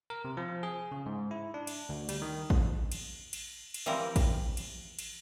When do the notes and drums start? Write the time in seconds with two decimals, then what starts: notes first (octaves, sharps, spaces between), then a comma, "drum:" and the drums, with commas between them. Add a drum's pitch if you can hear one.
0.10 A#4
0.25 C3
0.37 F3
0.63 G#4
0.92 C#3
1.06 G#2
1.31 E4
1.54 D4
1.67 drum: cymbal
1.89 D2
2.09 G3, drum: cymbal
2.22 D#3
2.50 drum: kick A1
2.92 drum: cymbal
3.33 drum: cymbal
3.74 drum: cymbal
3.86 E3 F3 G3 C4 A#4
4.16 drum: kick A1, cymbal
4.57 drum: cymbal
4.99 drum: cymbal